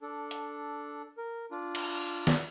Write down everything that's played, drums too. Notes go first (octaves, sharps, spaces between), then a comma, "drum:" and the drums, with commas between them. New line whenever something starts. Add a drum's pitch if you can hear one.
D4 A4
drum: hi-hat
A#4
D4 F4
drum: cymbal
drum: snare